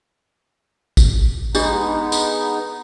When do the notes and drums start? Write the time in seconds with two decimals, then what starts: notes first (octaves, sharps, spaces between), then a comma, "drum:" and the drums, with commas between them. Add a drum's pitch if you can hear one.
0.97 drum: kick G#1, tambourine
1.55 G#3 B3 D4 D#4 G4 D#5, drum: tambourine
2.12 drum: tambourine